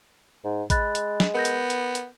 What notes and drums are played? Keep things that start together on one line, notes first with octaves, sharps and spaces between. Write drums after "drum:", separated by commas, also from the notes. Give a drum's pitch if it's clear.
G#2
G#3 B5 F#6 A6, drum: kick A1, hi-hat
drum: hi-hat
drum: snare
B3 A#4 G6 A#6
drum: hi-hat
drum: hi-hat
drum: hi-hat